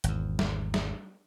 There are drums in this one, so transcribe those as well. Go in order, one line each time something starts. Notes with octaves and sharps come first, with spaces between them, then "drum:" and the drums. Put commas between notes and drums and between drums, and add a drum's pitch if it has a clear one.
G#1 E2, drum: hi-hat
drum: snare
drum: snare